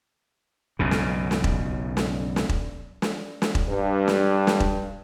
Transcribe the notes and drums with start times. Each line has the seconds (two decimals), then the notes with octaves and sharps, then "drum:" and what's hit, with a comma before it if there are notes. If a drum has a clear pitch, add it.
0.79 B1 F#2 C#3
0.91 drum: snare
1.31 drum: snare
1.44 drum: kick E1
1.97 drum: snare
2.36 drum: snare
2.49 drum: kick E1
3.02 drum: snare
3.42 drum: snare
3.55 drum: kick E1
3.68 G2
4.08 drum: snare
4.47 drum: snare
4.60 drum: kick E1